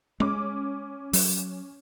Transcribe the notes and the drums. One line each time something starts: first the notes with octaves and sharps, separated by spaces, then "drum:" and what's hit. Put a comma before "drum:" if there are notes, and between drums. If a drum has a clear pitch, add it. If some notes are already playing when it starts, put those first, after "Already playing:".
G#3 C#4 D6
F#3, drum: open hi-hat